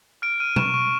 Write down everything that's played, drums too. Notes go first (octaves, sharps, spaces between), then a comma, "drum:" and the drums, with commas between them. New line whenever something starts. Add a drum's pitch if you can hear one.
F6 D7
F6 D#7
C#6 E7, drum: tom B2
C#6